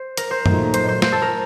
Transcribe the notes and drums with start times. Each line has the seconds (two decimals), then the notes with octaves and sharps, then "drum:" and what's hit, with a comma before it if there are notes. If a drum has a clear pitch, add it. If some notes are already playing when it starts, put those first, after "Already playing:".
Already playing: C5
0.17 A#4, drum: hi-hat
0.31 C5
0.46 A#2 F#3 A3 D#4, drum: tom F#2
0.74 C5, drum: hi-hat
0.89 C5
1.02 C5, drum: snare
1.12 A4
1.22 A#4